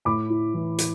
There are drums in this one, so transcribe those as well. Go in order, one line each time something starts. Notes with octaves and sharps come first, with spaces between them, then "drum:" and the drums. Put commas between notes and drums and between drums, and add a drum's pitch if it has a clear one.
A2 B5 D6
E4
E3
E4, drum: hi-hat